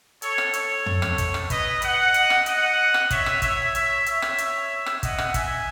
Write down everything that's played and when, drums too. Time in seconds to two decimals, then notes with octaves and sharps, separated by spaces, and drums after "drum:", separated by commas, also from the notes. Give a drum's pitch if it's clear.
0.22 A4 C#5, drum: hi-hat
0.38 drum: rim click
0.53 A4 C#5, drum: hi-hat
0.86 drum: tom
1.02 drum: rim click
1.18 drum: kick, hi-hat
1.34 drum: rim click
1.50 B4 D#5, drum: kick, hi-hat
1.82 D#5 F#5, drum: hi-hat
2.14 drum: hi-hat
2.30 drum: rim click
2.46 D#5 F#5, drum: hi-hat
2.94 drum: rim click
3.10 C#5 E5, drum: kick, hi-hat
3.26 drum: rim click
3.42 C#5 E5, drum: kick, hi-hat
3.75 C#5 E5, drum: hi-hat
4.06 C#5 E5, drum: hi-hat
4.22 drum: rim click
4.38 drum: hi-hat
4.86 drum: rim click
5.03 D#5 F#5, drum: kick, hi-hat
5.18 drum: rim click
5.34 E5 G#5, drum: kick, hi-hat